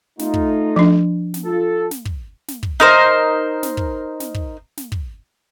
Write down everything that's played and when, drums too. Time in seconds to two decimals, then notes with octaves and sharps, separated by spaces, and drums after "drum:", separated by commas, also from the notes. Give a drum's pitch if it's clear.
0.19 A3 D#4 F4, drum: snare
0.34 drum: kick
0.76 F3 D4
1.34 drum: snare
1.45 F4 A4
1.91 drum: snare
2.05 drum: kick
2.48 drum: snare
2.63 drum: kick
2.80 D#4 A#4 C5
3.63 drum: snare
3.77 drum: kick
4.20 drum: snare
4.34 drum: kick
4.77 drum: snare
4.92 drum: kick